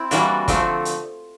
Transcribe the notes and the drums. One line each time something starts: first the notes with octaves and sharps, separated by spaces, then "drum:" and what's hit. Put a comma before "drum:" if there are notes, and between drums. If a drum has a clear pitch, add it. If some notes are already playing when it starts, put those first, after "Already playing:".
Already playing: C4 E4
E3 G3 A#3 D4 F#4, drum: hi-hat
D3 F3 A3 C4, drum: kick, hi-hat
drum: hi-hat